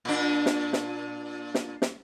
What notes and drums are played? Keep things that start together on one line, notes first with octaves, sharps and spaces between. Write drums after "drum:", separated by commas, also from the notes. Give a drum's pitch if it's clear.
A#2 D4
drum: snare
drum: snare
drum: snare
drum: snare